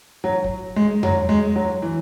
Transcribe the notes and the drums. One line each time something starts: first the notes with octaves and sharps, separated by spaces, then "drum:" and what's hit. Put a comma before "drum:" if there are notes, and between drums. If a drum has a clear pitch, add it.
F#3
drum: kick
G#3
F#3, drum: tom E2
G#3
F#3
E3